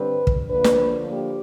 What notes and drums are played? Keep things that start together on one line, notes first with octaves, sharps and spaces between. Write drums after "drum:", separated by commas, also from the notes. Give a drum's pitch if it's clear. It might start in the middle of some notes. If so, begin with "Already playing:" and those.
Already playing: G2 D3 G3 C4 B4
drum: kick
D3 F3 A#3 D4 B4
drum: snare
G4